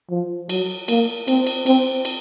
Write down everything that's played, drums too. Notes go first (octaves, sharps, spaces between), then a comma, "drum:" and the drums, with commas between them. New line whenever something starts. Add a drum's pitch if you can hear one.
F3
F#3, drum: cymbal
A#3, drum: cymbal
C4, drum: cymbal
drum: cymbal
C4, drum: cymbal
drum: cymbal